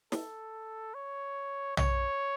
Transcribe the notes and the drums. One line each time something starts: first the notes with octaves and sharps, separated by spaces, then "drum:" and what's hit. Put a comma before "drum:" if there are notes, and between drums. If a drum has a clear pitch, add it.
A4, drum: snare
C#5
C#5, drum: tom